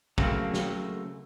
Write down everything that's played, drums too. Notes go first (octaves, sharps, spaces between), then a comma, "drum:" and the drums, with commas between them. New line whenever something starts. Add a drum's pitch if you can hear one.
C#3 F#3 A3 A#3 C4, drum: kick
drum: snare